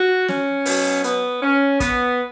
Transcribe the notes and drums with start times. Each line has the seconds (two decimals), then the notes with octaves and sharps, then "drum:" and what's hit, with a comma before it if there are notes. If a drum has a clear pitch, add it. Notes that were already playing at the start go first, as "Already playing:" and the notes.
Already playing: F#4
0.28 C#4, drum: snare
0.66 B2 F#3, drum: open hi-hat
1.04 B3, drum: hi-hat
1.42 C#4
1.80 B3, drum: kick, hi-hat